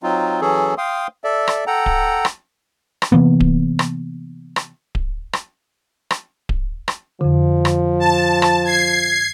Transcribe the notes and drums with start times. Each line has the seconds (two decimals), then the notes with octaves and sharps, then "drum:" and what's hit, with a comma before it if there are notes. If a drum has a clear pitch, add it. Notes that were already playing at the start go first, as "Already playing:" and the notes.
0.03 F#3 C4 D#4 F4
0.41 E3 F#3 C#4 G#4 A4
0.78 F5 G5 C6 D#6
1.24 A4 D5 E5
1.48 drum: rim click
1.67 A4 F#5 G5 A#5
1.86 drum: kick D1
2.25 drum: rim click
3.02 drum: rim click
3.12 C3 E3 A#3 B3
3.40 drum: kick D1
3.79 drum: rim click
4.56 drum: rim click
4.95 drum: kick D1
5.33 drum: rim click
6.11 drum: rim click
6.49 drum: kick D1
6.88 drum: rim click
7.21 F2 D3 F3
7.65 drum: rim click
8.00 A5
8.42 drum: rim click
8.64 G#6 C7